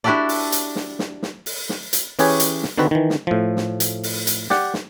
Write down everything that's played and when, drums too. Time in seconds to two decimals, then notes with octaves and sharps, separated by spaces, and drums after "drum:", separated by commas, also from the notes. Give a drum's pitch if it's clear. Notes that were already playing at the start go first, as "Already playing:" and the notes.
0.04 D4 E4 F#4 G4 A4 D5
0.29 drum: open hi-hat
0.52 drum: hi-hat
0.76 drum: snare
0.99 drum: snare
1.23 drum: snare
1.46 drum: open hi-hat
1.69 drum: snare
1.93 drum: hi-hat
2.19 E3 C#4 G4 G#4 B4 C#5, drum: open hi-hat
2.40 drum: hi-hat
2.63 drum: snare
2.78 D3 D#3 C4 F#4 B4
2.91 D#3 E3
3.10 drum: snare
3.27 A2 F3
3.57 drum: snare
3.80 drum: hi-hat
4.03 drum: open hi-hat
4.27 drum: hi-hat
4.50 G4 D5 F#5, drum: snare
4.74 drum: snare